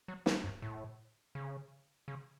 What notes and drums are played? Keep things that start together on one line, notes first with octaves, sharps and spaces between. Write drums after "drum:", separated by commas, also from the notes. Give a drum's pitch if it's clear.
F#3
E3, drum: snare
F#2
A2
C#3
C#3